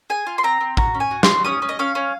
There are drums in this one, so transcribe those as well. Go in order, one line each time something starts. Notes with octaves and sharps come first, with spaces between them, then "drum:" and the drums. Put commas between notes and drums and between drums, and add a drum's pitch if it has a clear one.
G#4 G#5
F4
C6
C4 A#5
C4
F#4 A#5, drum: kick
C#4
G#5
F#4
F#4 C6, drum: snare
C#4 D#6
C#4
D#5
C#4 F5
C#4